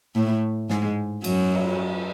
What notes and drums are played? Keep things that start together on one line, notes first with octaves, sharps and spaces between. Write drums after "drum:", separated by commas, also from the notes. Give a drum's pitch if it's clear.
A2 A3
G#2 G#3, drum: snare
F#2 F#3, drum: cymbal
drum: cymbal